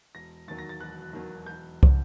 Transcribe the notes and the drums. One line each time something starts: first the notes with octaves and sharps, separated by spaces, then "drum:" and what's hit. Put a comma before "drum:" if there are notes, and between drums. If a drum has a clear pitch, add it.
E1 A#6
D#2 D#3 F#3 A6
A#6
A6
E1 F#6
D#2 D#3 F#3
E1 G6
D3, drum: kick